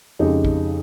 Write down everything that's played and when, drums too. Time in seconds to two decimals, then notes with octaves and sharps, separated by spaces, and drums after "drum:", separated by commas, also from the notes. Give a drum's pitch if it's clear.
0.19 F2 C#3 G#3 D#4 G4
0.45 drum: kick